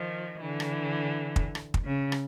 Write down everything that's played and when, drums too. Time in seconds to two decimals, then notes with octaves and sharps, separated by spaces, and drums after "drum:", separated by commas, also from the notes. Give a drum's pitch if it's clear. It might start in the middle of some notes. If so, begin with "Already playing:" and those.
Already playing: D#3 F3
0.40 D3 E3
0.60 drum: rim click
1.36 drum: kick
1.55 drum: rim click
1.74 drum: kick
1.84 C#3
2.12 drum: rim click